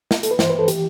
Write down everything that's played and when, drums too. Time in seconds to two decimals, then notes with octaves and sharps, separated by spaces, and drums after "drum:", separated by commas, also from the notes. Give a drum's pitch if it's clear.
0.11 drum: snare
0.23 A4, drum: hi-hat
0.31 B4
0.39 G2 E3 C5, drum: snare
0.50 B4
0.59 A4
0.68 E3 G4, drum: hi-hat